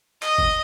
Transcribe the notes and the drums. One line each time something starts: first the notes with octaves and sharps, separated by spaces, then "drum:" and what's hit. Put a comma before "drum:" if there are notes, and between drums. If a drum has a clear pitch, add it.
D#5, drum: clap
drum: kick